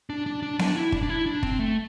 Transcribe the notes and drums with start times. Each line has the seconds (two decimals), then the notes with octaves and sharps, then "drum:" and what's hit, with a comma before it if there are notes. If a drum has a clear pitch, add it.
0.10 D4
0.26 D4
0.43 D4
0.59 D4, drum: snare B3
0.76 E4
0.92 D4, drum: kick
1.03 D4
1.09 E4
1.26 D4
1.43 C4, drum: kick
1.59 A3